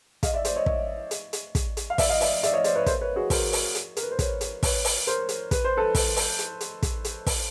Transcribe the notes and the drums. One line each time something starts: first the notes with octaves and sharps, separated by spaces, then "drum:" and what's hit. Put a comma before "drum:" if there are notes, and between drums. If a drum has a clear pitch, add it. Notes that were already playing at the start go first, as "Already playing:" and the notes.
D#5 F5, drum: kick, hi-hat
D5 E5
C5 D5, drum: hi-hat
C#5 D#5
C#5 D#5, drum: kick
drum: hi-hat
drum: hi-hat
drum: kick, hi-hat
drum: hi-hat
F5
D5 E5, drum: kick, open hi-hat
D#5 F5
D5 E5, drum: open hi-hat
D5 E5, drum: hi-hat
C#5 D#5
C5 D5, drum: hi-hat
B4 C#5
A#4 C5, drum: kick, hi-hat
B4 C#5
F#4 G#4
A#4 C5, drum: kick, open hi-hat
drum: open hi-hat
drum: hi-hat
A#4, drum: hi-hat
B4
C5
B4 C#5, drum: kick, hi-hat
drum: hi-hat
B4 C#5, drum: kick, open hi-hat
drum: open hi-hat
A#4 C5, drum: hi-hat
drum: hi-hat
B4, drum: kick, hi-hat
C5
A4 B4
drum: kick, open hi-hat
drum: open hi-hat
drum: hi-hat
drum: hi-hat
drum: kick, hi-hat
drum: hi-hat
drum: kick, open hi-hat